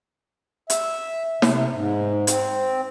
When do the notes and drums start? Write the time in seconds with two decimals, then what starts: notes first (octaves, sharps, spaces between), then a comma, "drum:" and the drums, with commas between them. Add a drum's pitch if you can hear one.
0.70 E5, drum: hi-hat
1.42 C3, drum: snare
1.73 G#2
2.27 C4, drum: hi-hat